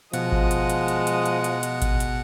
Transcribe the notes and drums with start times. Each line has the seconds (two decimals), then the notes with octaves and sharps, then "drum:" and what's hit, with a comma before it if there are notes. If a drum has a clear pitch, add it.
0.13 B2 F3 G#3 D#5 F#5, drum: hi-hat
0.32 drum: kick G#1
0.51 drum: hi-hat
0.70 drum: hi-hat
0.88 drum: hi-hat
1.07 drum: hi-hat
1.26 drum: hi-hat
1.44 drum: hi-hat
1.63 drum: hi-hat
1.82 drum: kick G#1, hi-hat
2.00 drum: hi-hat